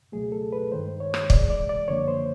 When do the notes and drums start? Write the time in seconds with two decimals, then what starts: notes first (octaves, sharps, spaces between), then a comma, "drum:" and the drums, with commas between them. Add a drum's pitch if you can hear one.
0.12 C#2 B2 F#3 A3 G#4
0.32 A4
0.52 B4
0.71 G2 D#3 G#3 C5
1.00 C#5
1.14 drum: rim click
1.30 C#2 C3 E3 G#3 D5, drum: kick
1.50 D5
1.69 D5
1.88 F#2 D3 F3 A#3 C#5
2.08 C5